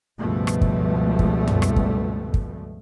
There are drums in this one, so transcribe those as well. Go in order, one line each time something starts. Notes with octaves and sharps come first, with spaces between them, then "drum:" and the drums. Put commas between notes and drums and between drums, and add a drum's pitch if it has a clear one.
C#2 G2 B2 F3 G3 A3
drum: rim click
drum: kick
drum: kick
drum: tom F#2
drum: rim click
drum: kick
drum: kick